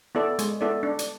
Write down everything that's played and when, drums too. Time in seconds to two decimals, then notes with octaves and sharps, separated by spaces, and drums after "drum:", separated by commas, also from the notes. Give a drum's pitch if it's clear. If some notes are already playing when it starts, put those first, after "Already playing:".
0.15 B3 E4 A4 D5
0.39 G#3, drum: hi-hat
0.61 B3 E4 A4 D5
0.83 D4
0.99 drum: hi-hat